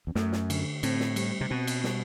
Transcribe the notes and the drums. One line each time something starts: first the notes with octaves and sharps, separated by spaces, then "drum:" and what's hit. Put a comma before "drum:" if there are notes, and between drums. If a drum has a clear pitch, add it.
E2
F#2 A3, drum: snare
drum: snare
D3, drum: cymbal
A2 C4, drum: cymbal
drum: snare
G3, drum: cymbal
C3
B2 C4
drum: cymbal
G3, drum: snare